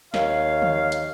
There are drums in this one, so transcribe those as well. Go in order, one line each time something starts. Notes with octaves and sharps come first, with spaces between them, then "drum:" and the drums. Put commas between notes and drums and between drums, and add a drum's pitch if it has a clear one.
D#2 C#5 F5, drum: snare
drum: tom
drum: hi-hat